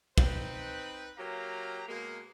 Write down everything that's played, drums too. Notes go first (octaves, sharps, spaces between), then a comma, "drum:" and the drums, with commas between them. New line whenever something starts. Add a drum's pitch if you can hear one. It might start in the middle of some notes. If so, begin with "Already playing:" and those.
C4 D#4 B4, drum: kick
F#3 A#3 G4 F5 A#5
B2 G#3 A#3